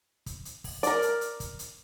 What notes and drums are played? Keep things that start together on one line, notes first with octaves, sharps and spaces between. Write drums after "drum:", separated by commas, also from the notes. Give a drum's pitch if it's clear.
drum: kick, hi-hat
drum: hi-hat
drum: kick, open hi-hat
A#4 D5, drum: hi-hat
drum: hi-hat
drum: hi-hat
drum: kick, hi-hat
drum: hi-hat